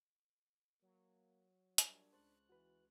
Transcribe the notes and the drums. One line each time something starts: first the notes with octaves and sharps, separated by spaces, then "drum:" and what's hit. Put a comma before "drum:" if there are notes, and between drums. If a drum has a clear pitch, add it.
F#3 A#3
A#2 G3 D4 C#5, drum: hi-hat
C#2 C5 A5 C#6 F#6
E3 F#4 B4